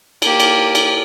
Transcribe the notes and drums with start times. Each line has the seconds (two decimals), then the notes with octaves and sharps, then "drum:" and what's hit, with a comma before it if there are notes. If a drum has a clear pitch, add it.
0.22 A#3 G4, drum: cymbal
0.40 drum: cymbal
0.75 drum: cymbal